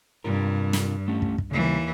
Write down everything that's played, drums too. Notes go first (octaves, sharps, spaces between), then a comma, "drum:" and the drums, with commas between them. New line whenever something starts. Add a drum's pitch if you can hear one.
G2 C3 F4 A#4
drum: snare
A3 C#4 G4
drum: kick
drum: kick
D#2 C#3 E3 G3